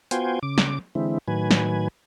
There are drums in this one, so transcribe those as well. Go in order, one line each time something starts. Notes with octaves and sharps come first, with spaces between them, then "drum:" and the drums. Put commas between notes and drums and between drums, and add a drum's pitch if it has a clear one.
B3 F4 F#4 C5 G5 G#5, drum: hi-hat
C#3 D6
drum: snare
D3 E3 G#3 C4 E4
A2 D#3 F#3 B4 G#5
drum: snare